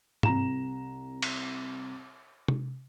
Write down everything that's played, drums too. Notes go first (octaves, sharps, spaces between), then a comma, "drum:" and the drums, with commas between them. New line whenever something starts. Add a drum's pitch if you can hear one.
C2 A#5 E7, drum: tom G#2
drum: cymbal
drum: tom C3